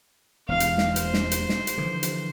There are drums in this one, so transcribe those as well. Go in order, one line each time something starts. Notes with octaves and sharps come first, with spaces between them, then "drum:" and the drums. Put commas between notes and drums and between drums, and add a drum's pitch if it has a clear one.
E1 E2 F5
drum: hi-hat
drum: snare
C5, drum: hi-hat
drum: snare
drum: hi-hat
drum: snare
drum: hi-hat
D3 E3 F3
drum: hi-hat